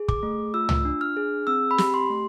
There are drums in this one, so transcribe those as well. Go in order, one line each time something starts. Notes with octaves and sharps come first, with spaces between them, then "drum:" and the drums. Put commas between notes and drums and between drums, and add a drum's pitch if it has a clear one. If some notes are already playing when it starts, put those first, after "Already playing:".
Already playing: G#4
D6, drum: kick
A3
F4 E6
drum: tom
D4
F6
G#4
C4 E6
B5
G4, drum: snare
C6
A3